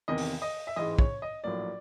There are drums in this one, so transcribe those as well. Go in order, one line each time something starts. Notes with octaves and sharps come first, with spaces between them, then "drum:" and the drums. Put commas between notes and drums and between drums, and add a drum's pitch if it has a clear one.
E2 C3 D#3 D#5
drum: open hi-hat
D#5
E5
A1 G#2 E3 G#3 D#5
C#5, drum: kick
D#5
A#1 A2 F#3 A#3 D5